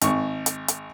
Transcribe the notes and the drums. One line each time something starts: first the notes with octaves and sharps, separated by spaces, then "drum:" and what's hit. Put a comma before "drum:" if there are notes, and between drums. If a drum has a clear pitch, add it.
G#1 C#6, drum: hi-hat
drum: hi-hat
drum: hi-hat